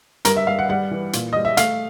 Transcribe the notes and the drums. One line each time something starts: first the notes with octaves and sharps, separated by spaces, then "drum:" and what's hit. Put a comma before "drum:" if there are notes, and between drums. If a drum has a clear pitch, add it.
G2 A#4, drum: hi-hat
E5
G2 F5
F#5
G3 F#5
E3
A#2, drum: hi-hat
G3 D#5
E5
A3 F5, drum: hi-hat